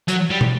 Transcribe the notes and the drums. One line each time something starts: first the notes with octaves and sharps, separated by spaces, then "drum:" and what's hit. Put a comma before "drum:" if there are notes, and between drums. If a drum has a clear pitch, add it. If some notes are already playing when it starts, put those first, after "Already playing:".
F#3, drum: hi-hat
G3
drum: tom